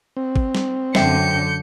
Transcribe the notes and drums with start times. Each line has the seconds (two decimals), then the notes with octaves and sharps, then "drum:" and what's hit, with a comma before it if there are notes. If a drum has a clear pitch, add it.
0.17 C4
0.36 drum: kick
0.55 drum: snare
0.95 F#2 D3 C5 E5 G5 G6 C#7, drum: snare